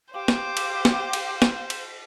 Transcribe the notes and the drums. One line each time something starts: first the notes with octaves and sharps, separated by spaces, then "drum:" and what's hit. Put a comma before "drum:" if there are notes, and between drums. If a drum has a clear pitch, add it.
G4 C5 F5 D6
drum: snare
drum: cymbal
drum: snare
drum: cymbal
drum: snare
drum: cymbal